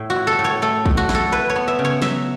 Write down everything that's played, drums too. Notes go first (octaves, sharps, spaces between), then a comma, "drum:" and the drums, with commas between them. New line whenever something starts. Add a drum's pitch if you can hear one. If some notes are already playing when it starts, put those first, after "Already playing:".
Already playing: A2
F#4
E4
A4
A2
C#5
A3 A4
A2, drum: kick
F#4
E4, drum: snare
A4
E4 B4
C#5
B3
E5
C#3
C#5
F#3 E5, drum: snare